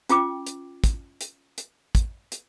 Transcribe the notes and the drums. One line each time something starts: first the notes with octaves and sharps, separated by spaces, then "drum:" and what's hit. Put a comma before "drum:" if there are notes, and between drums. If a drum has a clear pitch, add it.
C#4 F4 G5 D6, drum: hi-hat
drum: hi-hat
drum: kick, hi-hat
drum: hi-hat
drum: hi-hat
drum: kick, hi-hat
drum: hi-hat